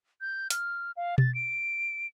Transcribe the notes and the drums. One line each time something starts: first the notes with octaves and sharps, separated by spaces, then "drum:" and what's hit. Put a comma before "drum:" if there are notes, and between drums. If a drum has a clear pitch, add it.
G6
F6, drum: hi-hat
F5
A6, drum: tom B2
D7